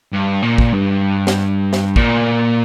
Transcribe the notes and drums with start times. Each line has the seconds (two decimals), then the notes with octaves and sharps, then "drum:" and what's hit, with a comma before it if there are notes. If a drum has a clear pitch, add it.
0.13 G2
0.43 A#2
0.58 drum: kick
0.73 G2
1.27 drum: snare
1.73 drum: snare
1.96 A#2, drum: kick